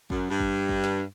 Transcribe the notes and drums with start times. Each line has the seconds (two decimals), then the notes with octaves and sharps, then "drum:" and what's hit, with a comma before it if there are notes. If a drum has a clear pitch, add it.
0.10 F#2, drum: kick
0.30 G2
0.40 drum: kick
0.69 drum: kick
0.84 drum: snare